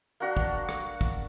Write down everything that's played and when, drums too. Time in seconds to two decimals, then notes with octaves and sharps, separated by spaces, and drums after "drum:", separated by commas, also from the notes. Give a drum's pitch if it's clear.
0.20 A#3 D4 F#4
0.37 drum: kick
0.69 drum: rim click
1.01 drum: kick